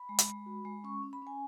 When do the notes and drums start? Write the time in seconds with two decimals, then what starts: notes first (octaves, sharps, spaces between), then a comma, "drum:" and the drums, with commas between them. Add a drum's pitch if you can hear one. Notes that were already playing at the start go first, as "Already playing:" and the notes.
Already playing: B5
0.09 G#3
0.19 drum: hi-hat
0.28 G#3
0.46 F#4
0.65 G#3
0.84 C#4 C#6
1.03 C#4
1.13 B5
1.22 C#4 G#5